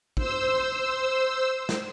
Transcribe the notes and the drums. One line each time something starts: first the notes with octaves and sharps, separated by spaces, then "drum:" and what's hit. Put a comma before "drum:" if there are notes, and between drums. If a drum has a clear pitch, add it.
C5 E6, drum: kick
drum: snare